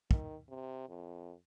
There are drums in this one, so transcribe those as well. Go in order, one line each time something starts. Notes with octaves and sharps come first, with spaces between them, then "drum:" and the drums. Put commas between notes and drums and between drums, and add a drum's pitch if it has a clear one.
D#3, drum: kick
C3
F2